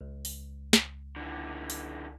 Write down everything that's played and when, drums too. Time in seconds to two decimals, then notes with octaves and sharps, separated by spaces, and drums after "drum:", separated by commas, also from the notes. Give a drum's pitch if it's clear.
0.01 C#2
0.25 drum: open hi-hat
0.73 drum: snare
1.16 D3 E3
1.70 drum: open hi-hat